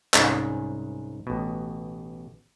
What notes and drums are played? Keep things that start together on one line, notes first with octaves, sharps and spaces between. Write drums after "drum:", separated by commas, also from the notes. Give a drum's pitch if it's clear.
C2 G#2 C#4, drum: clap
A1 B2